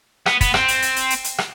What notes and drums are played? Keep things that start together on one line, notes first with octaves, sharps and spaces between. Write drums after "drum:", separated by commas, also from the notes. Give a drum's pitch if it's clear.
B3, drum: rim click
B3, drum: kick, hi-hat
C4, drum: rim click
drum: hi-hat
drum: hi-hat
drum: hi-hat
drum: hi-hat
drum: hi-hat
drum: rim click